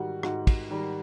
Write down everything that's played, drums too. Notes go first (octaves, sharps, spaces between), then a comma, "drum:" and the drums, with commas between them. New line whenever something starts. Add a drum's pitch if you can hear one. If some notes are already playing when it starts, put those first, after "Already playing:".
Already playing: G#2 D#3 G3 F#4
G#2 F#4, drum: rim click
drum: kick, cymbal
D#3 G3